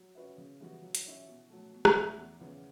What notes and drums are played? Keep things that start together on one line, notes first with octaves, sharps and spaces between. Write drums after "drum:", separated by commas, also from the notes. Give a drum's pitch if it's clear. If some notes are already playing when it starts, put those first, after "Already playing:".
Already playing: F#3
C#4 F#4 B4 E5
C#3
E3 G3 B3 F#4
F#3
drum: hi-hat
C#4 E4
B2
F#3 A3
B2
drum: rim click
A3 E4
E2
C#3 E3 B3